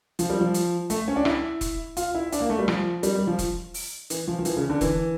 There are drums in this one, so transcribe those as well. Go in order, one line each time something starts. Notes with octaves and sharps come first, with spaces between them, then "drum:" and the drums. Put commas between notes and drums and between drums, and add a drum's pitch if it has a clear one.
F3, drum: hi-hat
G3
F3
drum: hi-hat
A3, drum: hi-hat
C#4
D4
E4, drum: rim click
drum: kick E1, hi-hat
F4, drum: hi-hat
E4
D4, drum: hi-hat
A#3
A3
G3
F3, drum: rim click
G3, drum: hi-hat
G3
F3
drum: kick E1, hi-hat
drum: open hi-hat
E3, drum: hi-hat
F3
F3
E3, drum: hi-hat
C#3
D3
E3, drum: kick E1, hi-hat